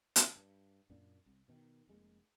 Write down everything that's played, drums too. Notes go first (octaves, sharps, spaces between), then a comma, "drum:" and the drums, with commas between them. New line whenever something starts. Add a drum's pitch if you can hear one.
C#3 D4, drum: hi-hat
G2
F#2 A#2 A#3 D4
C2
B2 D#3
F1 G#3 A#3